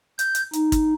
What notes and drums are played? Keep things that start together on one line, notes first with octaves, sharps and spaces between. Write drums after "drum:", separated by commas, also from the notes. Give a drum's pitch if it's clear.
G6, drum: hi-hat
drum: hi-hat
D#4, drum: hi-hat
drum: kick, hi-hat